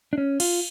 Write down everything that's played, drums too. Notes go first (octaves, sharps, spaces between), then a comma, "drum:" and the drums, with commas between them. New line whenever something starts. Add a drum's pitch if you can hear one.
D4
C#4
F4, drum: cymbal